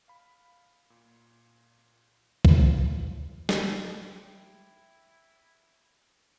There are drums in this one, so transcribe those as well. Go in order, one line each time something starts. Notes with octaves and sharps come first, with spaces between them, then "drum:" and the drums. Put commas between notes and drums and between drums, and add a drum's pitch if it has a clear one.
F5 B5
A#2
G3 D#4 E4 F#4 A#4, drum: kick
drum: snare
E4 C5 G5 D6